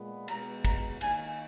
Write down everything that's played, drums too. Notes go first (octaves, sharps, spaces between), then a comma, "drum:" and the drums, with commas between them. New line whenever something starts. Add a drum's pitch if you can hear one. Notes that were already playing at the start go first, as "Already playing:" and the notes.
Already playing: A#2 G#3 B3
B2 G#3 B3 A#5, drum: cymbal
A#5, drum: kick, cymbal
D#3 A#3 G#5, drum: cymbal